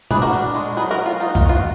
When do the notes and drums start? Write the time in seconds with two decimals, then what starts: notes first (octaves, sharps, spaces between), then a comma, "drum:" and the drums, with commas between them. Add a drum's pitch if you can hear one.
0.11 D4 G#4 B4, drum: tom A#2
0.22 F#4 A#4
0.33 D4
0.55 G#3
0.77 F#3 G#4 B4
0.91 F#4 A#4
0.99 F#3
1.06 F4
1.20 D#4 F4
1.28 F#4
1.35 F4, drum: kick C#2
1.41 D#3 F#4
1.49 F4
1.55 F#4